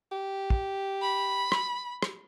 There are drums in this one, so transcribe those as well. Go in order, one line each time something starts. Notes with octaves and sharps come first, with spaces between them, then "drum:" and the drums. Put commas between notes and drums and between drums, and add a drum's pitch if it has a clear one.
G4
drum: kick
B5
drum: rim click
drum: rim click